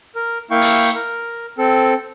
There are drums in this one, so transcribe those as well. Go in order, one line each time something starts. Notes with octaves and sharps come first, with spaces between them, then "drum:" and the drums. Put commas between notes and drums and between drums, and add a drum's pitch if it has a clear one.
A#4
A#3 E4 F5 G5 C#6
drum: open hi-hat
A#4
C4 A4